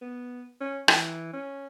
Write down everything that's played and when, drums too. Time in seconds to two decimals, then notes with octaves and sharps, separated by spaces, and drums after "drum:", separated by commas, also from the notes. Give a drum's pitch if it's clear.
0.02 B3
0.61 C#4
0.88 E3, drum: rim click
1.33 C#4